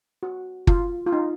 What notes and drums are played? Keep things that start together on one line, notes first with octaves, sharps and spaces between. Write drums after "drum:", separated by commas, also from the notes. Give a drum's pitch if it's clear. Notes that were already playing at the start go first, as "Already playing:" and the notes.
F#4
F4, drum: kick
F4
D#4